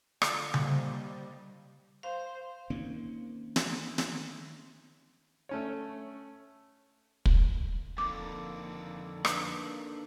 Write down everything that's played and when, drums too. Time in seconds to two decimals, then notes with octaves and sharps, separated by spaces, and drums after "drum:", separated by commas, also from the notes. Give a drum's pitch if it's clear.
0.22 D3 F4 A4 G#5, drum: rim click
0.54 G3 A#3 D4 C5 D#5, drum: tom C#3
2.03 C5 F5
2.70 D#3 A#3 C4 C#4
3.56 drum: snare
3.98 drum: snare
5.49 A3 C#4 C#5
7.25 drum: kick
7.98 F2 D3 D#3 A#3 A4 D6
9.25 D4 B4, drum: rim click